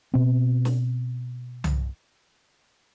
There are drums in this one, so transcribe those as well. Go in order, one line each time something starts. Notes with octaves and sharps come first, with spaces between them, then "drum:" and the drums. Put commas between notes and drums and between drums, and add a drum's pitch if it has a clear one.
B2 C4
drum: snare
drum: tom C2